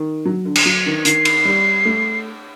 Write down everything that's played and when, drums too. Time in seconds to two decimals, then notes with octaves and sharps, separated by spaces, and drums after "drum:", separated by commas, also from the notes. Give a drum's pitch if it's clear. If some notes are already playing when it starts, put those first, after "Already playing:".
Already playing: D#3
0.25 F#3
0.45 D3
0.55 drum: cymbal
0.66 F#3
0.86 D#3
1.05 D#3 C7, drum: hi-hat
1.25 drum: cymbal
1.45 G3
1.85 A3